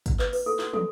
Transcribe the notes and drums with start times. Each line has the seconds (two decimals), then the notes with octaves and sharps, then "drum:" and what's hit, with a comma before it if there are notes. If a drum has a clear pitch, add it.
0.06 drum: kick, hi-hat
0.19 B4, drum: clap
0.33 B4, drum: open hi-hat
0.46 A4
0.59 F#4, drum: clap
0.73 A4, drum: tom